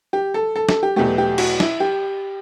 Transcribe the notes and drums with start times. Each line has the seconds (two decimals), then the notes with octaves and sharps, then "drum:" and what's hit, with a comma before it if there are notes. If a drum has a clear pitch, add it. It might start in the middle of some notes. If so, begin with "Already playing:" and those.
0.13 G4
0.34 A4
0.56 A4
0.69 A4, drum: snare
0.83 G4
0.96 E2 B2 F#3 A3 G4
1.18 G4
1.38 F#4, drum: cymbal
1.60 E4, drum: snare
1.80 G4